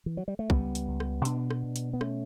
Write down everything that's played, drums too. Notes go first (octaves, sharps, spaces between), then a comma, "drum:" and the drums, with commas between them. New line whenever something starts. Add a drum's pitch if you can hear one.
E3
F#3
G3
A3
C#2 G3 B3, drum: kick
drum: hi-hat
C#2
drum: rim click
B2 B3 D4, drum: hi-hat
drum: rim click
B2
drum: hi-hat
B3
A3 C#4, drum: rim click